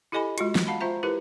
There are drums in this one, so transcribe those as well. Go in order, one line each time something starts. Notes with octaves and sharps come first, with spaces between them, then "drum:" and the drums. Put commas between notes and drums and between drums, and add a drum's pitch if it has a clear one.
E4 G4 A4 D#5 G#5 B5
G#3 F4 F#4, drum: hi-hat
drum: snare
F5 F#5 A5 B5
F4 C5 E5 A#5
E4 G4 A#4 B4